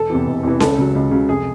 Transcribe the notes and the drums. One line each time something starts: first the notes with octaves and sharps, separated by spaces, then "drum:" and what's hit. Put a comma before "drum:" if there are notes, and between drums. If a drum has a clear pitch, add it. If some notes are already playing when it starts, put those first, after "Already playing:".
Already playing: E1 A4
E2 C3 E3
E1
E2 C3 E3
C#2 A4, drum: snare C#4
C#3 F#3
C#2
C#3 F#3
F1 G#4